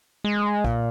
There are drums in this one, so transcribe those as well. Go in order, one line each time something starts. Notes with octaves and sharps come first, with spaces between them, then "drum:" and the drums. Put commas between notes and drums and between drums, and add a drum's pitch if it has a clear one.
G#3
A#2, drum: kick B1